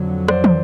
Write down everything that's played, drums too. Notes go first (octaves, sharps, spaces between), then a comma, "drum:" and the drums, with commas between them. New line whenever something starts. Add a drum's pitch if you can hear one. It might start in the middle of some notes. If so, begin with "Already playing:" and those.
Already playing: F2 D3 F#3
C5 D5, drum: rim click
drum: tom